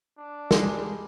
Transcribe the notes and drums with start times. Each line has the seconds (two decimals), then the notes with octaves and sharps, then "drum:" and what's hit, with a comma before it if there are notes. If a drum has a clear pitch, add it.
0.18 D4
0.51 G3 G#3 G#4, drum: snare